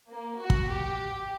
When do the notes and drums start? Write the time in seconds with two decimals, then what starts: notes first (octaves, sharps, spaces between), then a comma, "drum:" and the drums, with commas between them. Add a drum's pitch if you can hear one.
0.12 A#3
0.40 F#4
0.50 drum: kick
0.69 G4